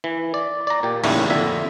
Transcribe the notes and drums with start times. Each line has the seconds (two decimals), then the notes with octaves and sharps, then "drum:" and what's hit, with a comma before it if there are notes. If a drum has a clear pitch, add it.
0.04 E3
0.34 D5
0.67 D5 A#5
0.83 A#2 G4
1.04 A1 D#2 A2 C#3 G3 A3, drum: cymbal
1.30 F2 D3 E5